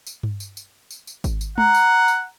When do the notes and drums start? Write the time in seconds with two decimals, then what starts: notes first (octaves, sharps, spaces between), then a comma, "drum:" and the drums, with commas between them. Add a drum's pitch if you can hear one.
0.07 drum: tambourine
0.23 drum: tom G2
0.40 drum: tambourine
0.57 drum: tambourine
0.91 drum: tambourine
1.07 drum: tambourine
1.24 drum: kick G#1, tambourine
1.41 drum: tambourine
1.58 F#5 A#5, drum: tom G#3
1.75 drum: tambourine
2.08 drum: tambourine